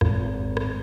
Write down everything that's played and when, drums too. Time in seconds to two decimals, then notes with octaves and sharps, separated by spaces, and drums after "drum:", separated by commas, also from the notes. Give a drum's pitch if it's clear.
0.01 G#1, drum: rim click
0.57 drum: rim click